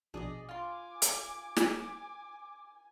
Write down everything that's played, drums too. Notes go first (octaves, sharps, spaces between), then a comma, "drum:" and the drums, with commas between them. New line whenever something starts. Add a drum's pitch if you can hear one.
A#1 B2 D4 G#4 D5 D#5
F4 G#5 C6 D6 F6 A6
drum: hi-hat
drum: snare